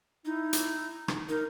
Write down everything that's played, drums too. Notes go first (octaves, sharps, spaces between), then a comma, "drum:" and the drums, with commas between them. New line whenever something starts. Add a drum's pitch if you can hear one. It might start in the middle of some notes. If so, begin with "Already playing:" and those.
D#4 E4
drum: hi-hat
drum: rim click
D#4 A#4